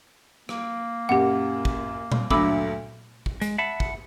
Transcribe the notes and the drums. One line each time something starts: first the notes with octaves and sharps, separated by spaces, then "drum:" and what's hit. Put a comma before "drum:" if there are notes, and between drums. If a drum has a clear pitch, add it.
A#3, drum: rim click
F#2 A#2 G4 F#5
drum: kick
drum: tom A#2
D2 G2 F#3 B5 D6 E6, drum: kick
drum: kick
G#3, drum: hi-hat
E5 F#5 A5 B5
drum: kick